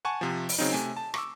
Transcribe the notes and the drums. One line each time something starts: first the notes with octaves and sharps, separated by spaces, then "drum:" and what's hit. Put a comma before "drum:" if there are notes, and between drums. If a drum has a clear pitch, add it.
F#5 G#5 A5 C#6
C3 F3
drum: open hi-hat
C#3 F#3 C4 D#4
C3 A3 G#5
A5
C#6 D6 E6, drum: rim click